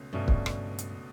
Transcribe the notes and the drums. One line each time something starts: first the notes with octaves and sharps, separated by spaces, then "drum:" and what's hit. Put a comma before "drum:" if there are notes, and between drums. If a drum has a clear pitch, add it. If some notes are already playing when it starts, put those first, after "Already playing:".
Already playing: C#2 B2 A3 C#4
C#2 G2 B2 A3 C#4
drum: kick
drum: rim click
drum: hi-hat